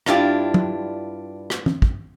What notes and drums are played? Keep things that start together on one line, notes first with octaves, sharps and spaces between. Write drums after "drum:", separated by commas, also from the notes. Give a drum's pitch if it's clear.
G2 D4 E4 F4 G4, drum: rim click
drum: tom
drum: rim click
drum: tom
drum: kick